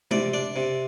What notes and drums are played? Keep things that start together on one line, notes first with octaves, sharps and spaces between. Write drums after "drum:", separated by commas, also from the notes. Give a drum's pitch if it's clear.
C3 D5, drum: tom G#3
D4 D5
C3